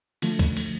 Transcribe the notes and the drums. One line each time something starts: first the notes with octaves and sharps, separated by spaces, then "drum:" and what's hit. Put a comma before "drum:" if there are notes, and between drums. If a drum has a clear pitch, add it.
D3 F3 A3, drum: cymbal
drum: kick, cymbal
drum: cymbal